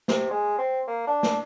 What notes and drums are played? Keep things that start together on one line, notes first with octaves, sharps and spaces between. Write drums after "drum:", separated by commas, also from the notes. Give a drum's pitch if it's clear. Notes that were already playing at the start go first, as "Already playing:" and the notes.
C3, drum: snare
G#3
C4
A#3
D4
drum: snare